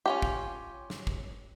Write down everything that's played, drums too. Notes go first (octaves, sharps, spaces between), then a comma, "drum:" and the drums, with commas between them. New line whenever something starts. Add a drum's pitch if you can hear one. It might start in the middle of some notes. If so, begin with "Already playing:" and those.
C#4 F4 G4
drum: kick
drum: snare
drum: kick